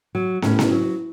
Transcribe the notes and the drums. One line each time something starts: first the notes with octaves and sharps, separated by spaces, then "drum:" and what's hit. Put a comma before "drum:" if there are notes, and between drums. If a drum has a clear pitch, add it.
F#3
A2 C#4, drum: snare
drum: snare
F#3